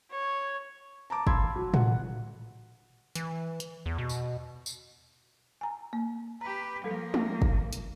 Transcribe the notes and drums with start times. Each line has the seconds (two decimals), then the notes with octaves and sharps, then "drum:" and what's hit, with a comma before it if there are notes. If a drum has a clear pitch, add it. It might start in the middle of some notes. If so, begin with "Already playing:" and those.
0.11 C#5
1.10 A5 A#5 D6
1.27 F5 A5 B5 C6 E6 G#6, drum: kick
1.56 F#3
1.74 F#5, drum: tom A2
3.15 E3, drum: hi-hat
3.60 drum: hi-hat
3.86 E2
3.98 B2
4.09 drum: tambourine
4.66 drum: tambourine
5.61 G#5 A#5
5.93 A#3
6.41 G4 B4 A#5
6.84 F3 G3 A#3 A4
7.14 drum: tom G#3
7.42 drum: kick
7.73 drum: hi-hat